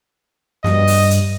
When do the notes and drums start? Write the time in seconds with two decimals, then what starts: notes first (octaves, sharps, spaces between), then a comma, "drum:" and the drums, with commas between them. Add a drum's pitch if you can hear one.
0.64 G2 D#5, drum: snare
0.87 drum: open hi-hat
1.11 drum: hi-hat